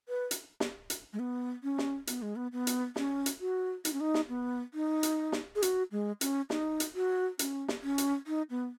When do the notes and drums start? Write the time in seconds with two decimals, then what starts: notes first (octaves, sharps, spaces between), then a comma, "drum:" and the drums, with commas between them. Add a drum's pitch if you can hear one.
0.09 B4
0.31 drum: hi-hat
0.60 drum: snare
0.90 drum: hi-hat
1.13 G#3
1.20 B3
1.63 C#4
1.78 drum: snare
2.07 B3, drum: hi-hat
2.22 G#3
2.36 B3
2.52 B3
2.67 drum: hi-hat
2.96 C#4, drum: snare
3.26 drum: hi-hat
3.41 F#4
3.85 D#4, drum: hi-hat
3.93 C#4
4.01 D#4
4.14 drum: snare
4.29 B3
4.74 D#4
5.03 drum: hi-hat
5.32 drum: snare
5.55 G#4
5.62 F#4, drum: hi-hat
5.92 G#3
6.21 C#4, drum: hi-hat
6.50 D#4, drum: snare
6.80 drum: hi-hat
6.95 F#4
7.39 C#4, drum: hi-hat
7.68 drum: snare
7.83 C#4
7.98 drum: hi-hat
8.27 D#4
8.50 B3